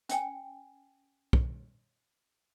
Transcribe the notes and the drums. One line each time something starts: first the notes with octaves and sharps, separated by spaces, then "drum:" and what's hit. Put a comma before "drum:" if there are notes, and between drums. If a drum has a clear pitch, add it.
C#4 G5 G#5, drum: hi-hat
drum: kick